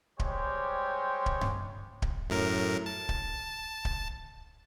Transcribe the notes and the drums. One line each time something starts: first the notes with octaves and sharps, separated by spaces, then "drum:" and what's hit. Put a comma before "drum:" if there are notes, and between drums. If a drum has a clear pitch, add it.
G3 G#3 G4 C5 C#5, drum: kick D1
drum: kick D1
drum: tom G2
drum: kick D1
F#2 A2 A#4
A5
drum: kick D1
drum: kick D1